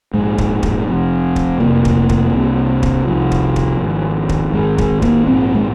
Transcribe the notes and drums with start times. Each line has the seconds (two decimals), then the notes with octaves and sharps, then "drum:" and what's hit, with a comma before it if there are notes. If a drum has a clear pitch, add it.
0.14 A#1 G#2 G#3
0.38 drum: kick
0.63 drum: kick
0.88 F1 F2 C3
1.36 drum: kick
1.60 F1 F2 C3 A#3
1.85 drum: kick
2.09 drum: kick
2.34 C2 C3
2.83 drum: kick
3.07 C2 C3 F3
3.32 drum: kick
3.56 drum: kick
3.80 G#1 G#2
4.29 drum: kick
4.54 G#1 G#2 G#3
4.78 G#3, drum: kick
5.02 A#3, drum: kick
5.27 A#1 G#2 C4
5.55 G#3